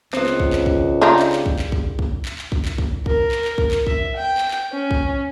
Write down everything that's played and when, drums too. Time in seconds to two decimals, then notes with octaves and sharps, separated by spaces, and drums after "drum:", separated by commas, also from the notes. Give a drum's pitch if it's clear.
0.13 C#2 B3 C4, drum: clap
0.26 drum: clap
0.40 drum: kick A#1
0.53 drum: clap
0.66 drum: kick A#1
1.01 D4 D#4 F4 G4 G#4
1.19 drum: clap
1.32 drum: clap
1.46 drum: kick A#1
1.59 drum: clap
1.72 drum: kick A#1
1.99 drum: kick A#1
2.25 drum: clap
2.39 drum: clap
2.52 drum: kick A#1
2.65 drum: clap
2.78 drum: kick A#1
3.06 A#4, drum: kick A#1
3.31 drum: clap
3.45 drum: clap
3.58 drum: kick A#1
3.71 drum: clap
3.87 E5, drum: kick A#1
4.16 G5
4.38 drum: clap
4.51 drum: clap
4.72 C#4
4.91 drum: kick A#1